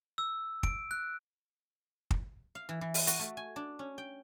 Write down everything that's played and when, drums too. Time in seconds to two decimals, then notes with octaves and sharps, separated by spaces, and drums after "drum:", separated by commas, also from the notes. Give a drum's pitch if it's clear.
0.18 E6
0.63 D7, drum: kick
0.91 F#6
2.11 drum: kick
2.55 F5
2.69 E3
2.81 E3
2.94 drum: open hi-hat
3.07 F#4, drum: hi-hat
3.19 A3
3.37 G#5
3.56 D4
3.79 C#4
3.98 G5